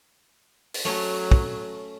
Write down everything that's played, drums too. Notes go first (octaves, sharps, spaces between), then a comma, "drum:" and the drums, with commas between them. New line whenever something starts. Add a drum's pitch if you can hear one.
drum: open hi-hat
F#3 A3 C#4
drum: kick